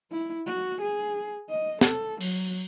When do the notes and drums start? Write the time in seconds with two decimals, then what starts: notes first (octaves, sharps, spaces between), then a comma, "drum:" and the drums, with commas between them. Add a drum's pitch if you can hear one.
0.11 E4
0.46 F#4
0.81 G#4
1.49 D#5
1.81 A4, drum: snare
2.21 F#3, drum: open hi-hat